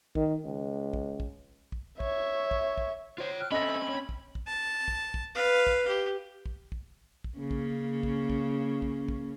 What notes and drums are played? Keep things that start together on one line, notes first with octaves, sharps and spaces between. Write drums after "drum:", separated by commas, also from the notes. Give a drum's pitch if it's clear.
D#3, drum: kick
C#2
drum: kick
drum: kick
drum: kick
C#5 E5, drum: kick
drum: kick
drum: kick
F4 C5 C#5
G5 F6 F#6
C4 C#4 A4 D#5 E5 B5 A#6
C#5
drum: kick
drum: kick
A5
drum: kick
drum: kick
B4 F5
drum: kick
G4
drum: kick
drum: kick
drum: kick
C#3 A#3 C#4
drum: kick
drum: kick
drum: kick
drum: kick
drum: kick